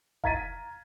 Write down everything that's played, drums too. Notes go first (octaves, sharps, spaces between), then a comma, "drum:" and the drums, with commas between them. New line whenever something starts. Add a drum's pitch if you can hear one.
F5 A#5 G#6 A6 B6 D#7, drum: kick F1